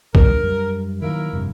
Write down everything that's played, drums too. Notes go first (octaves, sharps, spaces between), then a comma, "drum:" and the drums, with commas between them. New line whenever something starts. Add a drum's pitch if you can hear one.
A#2 D3 G3 A#4, drum: kick
F#2 G3
D#3 F#3 A#3 E4 A#4
F1 G2 C3